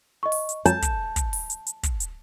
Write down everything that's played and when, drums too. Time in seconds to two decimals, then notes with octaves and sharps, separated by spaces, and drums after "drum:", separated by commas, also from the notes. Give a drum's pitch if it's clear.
0.23 D#5 C#6
0.32 drum: open hi-hat
0.49 drum: hi-hat
0.66 A5 G6, drum: hi-hat
0.82 drum: kick, hi-hat
1.16 drum: kick, hi-hat
1.33 drum: open hi-hat
1.50 drum: hi-hat
1.67 drum: hi-hat
1.83 drum: kick, hi-hat
2.00 drum: hi-hat